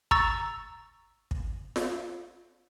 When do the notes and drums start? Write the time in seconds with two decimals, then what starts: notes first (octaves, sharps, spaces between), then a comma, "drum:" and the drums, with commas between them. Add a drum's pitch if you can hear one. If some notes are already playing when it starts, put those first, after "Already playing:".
0.11 A#5 C#6 E6 A6, drum: kick
1.31 drum: kick
1.76 drum: snare F4